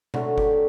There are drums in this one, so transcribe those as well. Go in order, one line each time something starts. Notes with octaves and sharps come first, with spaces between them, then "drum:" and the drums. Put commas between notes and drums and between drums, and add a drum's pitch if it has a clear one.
D3 F#3 A3 F#4, drum: tom B2
G4, drum: kick F#1